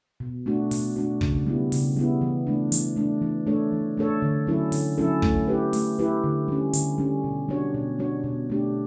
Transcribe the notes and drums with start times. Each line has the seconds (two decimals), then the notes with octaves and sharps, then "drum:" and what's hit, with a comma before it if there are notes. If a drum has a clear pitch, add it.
0.20 B2
0.46 A3 D4 F#4
0.71 B2, drum: open hi-hat
0.96 A3 D4 F#4
1.21 C#3, drum: kick
1.46 G3 B3 E4
1.72 C#3, drum: open hi-hat
1.96 G3 B3 E4
2.21 E3
2.47 A3 D4
2.72 E3, drum: hi-hat
2.96 A3 D4
3.22 E3
3.47 A3 D4 A4 C#5
3.72 E3
3.97 A3 D4 A4 C#5
4.22 D3
4.47 F#3 C#4 E4 A4
4.72 D3, drum: open hi-hat
4.98 F#3 C#4 E4 A4
5.22 A3, drum: kick
5.48 E4 G4 B4
5.73 A3, drum: open hi-hat
5.99 E4 G4 B4
6.23 D3
6.48 G3 C#4
6.73 D3, drum: hi-hat
6.98 G3 C#4
7.24 B2
7.49 G3 D4 F#4 C#5
7.74 B2
7.99 G3 D4 F#4 C#5
8.24 B2
8.50 A3 D4 G4